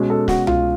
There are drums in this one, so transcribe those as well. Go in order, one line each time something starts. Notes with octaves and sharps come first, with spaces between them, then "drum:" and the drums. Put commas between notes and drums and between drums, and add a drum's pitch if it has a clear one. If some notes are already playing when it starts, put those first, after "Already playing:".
Already playing: B2 G#3 C#4
A4
F#4, drum: snare
F4, drum: tom C2